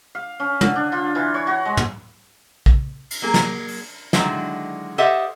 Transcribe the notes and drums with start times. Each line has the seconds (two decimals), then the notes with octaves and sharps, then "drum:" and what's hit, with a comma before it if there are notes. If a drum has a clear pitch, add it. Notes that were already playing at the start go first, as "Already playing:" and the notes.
0.15 F5
0.40 C#4
0.61 D3, drum: tom
0.76 D4
0.92 F4
1.15 E3
1.34 C#5
1.47 F#4
1.65 G#3
1.77 drum: tom
2.66 drum: kick
3.11 drum: cymbal
3.22 F#3 A#3 G#4
3.34 drum: snare
3.68 drum: open hi-hat
4.13 D3 D#3 F#3 G#3 E4 F#4, drum: snare
4.98 G4 A4 C5 D#5 E5 F#5